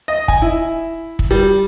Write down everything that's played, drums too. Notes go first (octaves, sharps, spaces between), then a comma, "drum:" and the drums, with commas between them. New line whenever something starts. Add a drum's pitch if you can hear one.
D#5
G#5, drum: kick
E4
drum: kick
G3